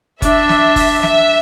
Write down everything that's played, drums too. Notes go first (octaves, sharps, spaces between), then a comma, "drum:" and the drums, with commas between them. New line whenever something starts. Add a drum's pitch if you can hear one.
D4 E5, drum: kick F#1, hi-hat
drum: snare
drum: kick F#1, open hi-hat
E5, drum: snare